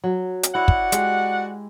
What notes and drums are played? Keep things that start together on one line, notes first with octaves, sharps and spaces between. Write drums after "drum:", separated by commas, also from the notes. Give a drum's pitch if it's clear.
F#3
drum: hi-hat
E4 F#4 D5 F#5
drum: kick
G#3 G4, drum: hi-hat